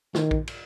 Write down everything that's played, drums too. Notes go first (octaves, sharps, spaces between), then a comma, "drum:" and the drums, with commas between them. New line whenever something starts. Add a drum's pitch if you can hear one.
D#3, drum: snare
drum: kick
drum: cymbal